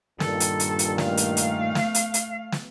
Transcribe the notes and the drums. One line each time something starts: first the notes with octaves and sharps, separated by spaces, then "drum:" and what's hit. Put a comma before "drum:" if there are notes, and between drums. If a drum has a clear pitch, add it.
G2 A#2 D#3 A4, drum: snare
drum: hi-hat
drum: hi-hat
drum: hi-hat
A3 F5, drum: snare
drum: hi-hat
drum: hi-hat
drum: snare
drum: hi-hat
drum: hi-hat
drum: snare